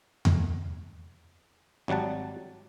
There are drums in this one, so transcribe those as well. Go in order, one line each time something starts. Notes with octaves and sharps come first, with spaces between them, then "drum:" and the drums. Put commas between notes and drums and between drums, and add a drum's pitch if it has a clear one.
drum: tom E2
G#1 F#3 G3 F#5 A5